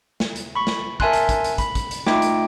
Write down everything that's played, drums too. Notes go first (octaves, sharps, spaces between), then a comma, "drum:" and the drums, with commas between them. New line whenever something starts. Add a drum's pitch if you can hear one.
drum: snare
drum: hi-hat
B5 C#6
drum: snare
A#4 E5 G#5 A5 C6 F#6, drum: kick
drum: hi-hat
drum: kick, hi-hat
drum: hi-hat
B5, drum: kick, hi-hat
drum: kick, hi-hat
drum: hi-hat
A3 D#4 F4 D#5 G5 D6, drum: snare
drum: hi-hat